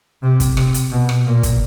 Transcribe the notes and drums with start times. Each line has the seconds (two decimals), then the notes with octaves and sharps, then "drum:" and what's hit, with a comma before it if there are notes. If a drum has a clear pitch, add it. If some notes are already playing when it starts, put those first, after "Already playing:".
0.23 C3
0.40 drum: kick, hi-hat
0.57 C3, drum: rim click
0.74 drum: hi-hat
0.91 B2
1.09 drum: rim click
1.26 A#2
1.43 drum: kick, hi-hat